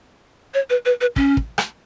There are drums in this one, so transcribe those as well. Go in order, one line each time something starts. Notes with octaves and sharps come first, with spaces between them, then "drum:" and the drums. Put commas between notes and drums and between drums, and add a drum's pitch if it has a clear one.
C#5
B4
B4
B4
C#4, drum: kick
drum: kick
drum: rim click